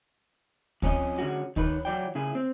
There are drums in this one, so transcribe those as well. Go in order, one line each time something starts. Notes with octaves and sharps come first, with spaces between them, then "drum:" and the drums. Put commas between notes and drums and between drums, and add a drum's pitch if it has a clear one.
F2 C#4 D4 D#5, drum: kick D2
D3 G#3 C#4 F#4
D#3 D#4 B4 C#5, drum: kick D2
E3 F#3 D5 G5
C#3 E4 G#4
C4